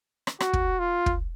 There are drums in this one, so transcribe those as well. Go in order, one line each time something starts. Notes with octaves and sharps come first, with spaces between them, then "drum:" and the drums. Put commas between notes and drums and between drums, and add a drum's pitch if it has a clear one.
drum: rim click
F#4, drum: rim click
drum: kick
F4
drum: kick